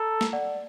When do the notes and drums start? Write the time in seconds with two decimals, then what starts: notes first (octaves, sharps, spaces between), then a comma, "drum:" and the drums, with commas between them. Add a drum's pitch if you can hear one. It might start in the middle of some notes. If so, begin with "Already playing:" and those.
Already playing: A4 A#5
0.21 drum: snare
0.33 D5 F#5